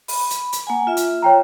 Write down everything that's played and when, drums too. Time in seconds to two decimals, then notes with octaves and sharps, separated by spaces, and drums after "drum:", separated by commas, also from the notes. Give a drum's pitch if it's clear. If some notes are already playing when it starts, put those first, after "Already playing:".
0.08 B5, drum: open hi-hat
0.30 drum: hi-hat
0.52 drum: hi-hat
0.67 A#3 F#5 G#5
0.87 F4 E5
0.97 drum: hi-hat
1.22 C#5 G5 A#5